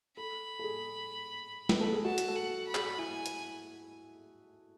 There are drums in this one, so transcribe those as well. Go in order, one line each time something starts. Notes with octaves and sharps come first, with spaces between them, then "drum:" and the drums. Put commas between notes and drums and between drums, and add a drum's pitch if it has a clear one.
A4 B5
A4
G#4
B4, drum: snare
A4
G#4
F#4 A5
drum: hi-hat
A4
F#5
B5
G#4, drum: clap
E4 G#5
drum: hi-hat